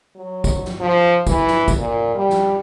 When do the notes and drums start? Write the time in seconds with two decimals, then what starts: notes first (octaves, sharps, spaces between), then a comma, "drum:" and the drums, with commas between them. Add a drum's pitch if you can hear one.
0.16 F#3
0.44 drum: kick, tambourine
0.65 drum: snare
0.80 F3
1.27 E3, drum: kick, tambourine
1.47 drum: snare
1.68 drum: kick, tambourine
1.78 A#2
2.15 G3
2.30 drum: snare